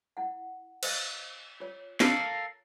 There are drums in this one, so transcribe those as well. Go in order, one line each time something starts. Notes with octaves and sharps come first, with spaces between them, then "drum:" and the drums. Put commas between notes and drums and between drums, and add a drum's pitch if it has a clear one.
E4 F#5
C5 D#5 F5, drum: cymbal
F4 C#5
A4 A#4 F5, drum: snare